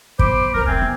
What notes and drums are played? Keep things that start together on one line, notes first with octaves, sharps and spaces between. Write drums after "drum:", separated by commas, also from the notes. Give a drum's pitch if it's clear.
F#3 B3 C5 B5 D6, drum: kick
C#2 F#2 A#4
F1 A3 C4 G#5
A1 B3